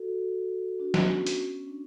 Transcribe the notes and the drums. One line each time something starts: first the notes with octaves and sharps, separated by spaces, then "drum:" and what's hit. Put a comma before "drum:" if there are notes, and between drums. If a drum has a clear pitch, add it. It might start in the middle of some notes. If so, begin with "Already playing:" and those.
Already playing: F#4 A4
D4 F#4
B3, drum: snare
C#4
drum: hi-hat
D4